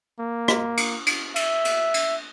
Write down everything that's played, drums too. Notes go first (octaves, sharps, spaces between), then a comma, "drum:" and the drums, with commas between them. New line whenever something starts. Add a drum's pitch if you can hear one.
A#3
drum: rim click
drum: cymbal
drum: cymbal
E5, drum: cymbal
drum: cymbal
drum: cymbal